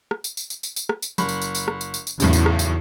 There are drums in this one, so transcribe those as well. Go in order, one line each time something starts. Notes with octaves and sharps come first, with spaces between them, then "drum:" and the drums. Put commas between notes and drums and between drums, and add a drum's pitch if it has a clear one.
drum: rim click
drum: tambourine
drum: tambourine
drum: tambourine
drum: tambourine
drum: tambourine
drum: rim click
drum: tambourine
F#1 B5, drum: tambourine
drum: tambourine
drum: tambourine
drum: tambourine
drum: rim click
drum: tambourine
drum: tambourine
drum: tambourine
B1 E2 A2 C#3, drum: tambourine
drum: tambourine
drum: rim click
drum: tambourine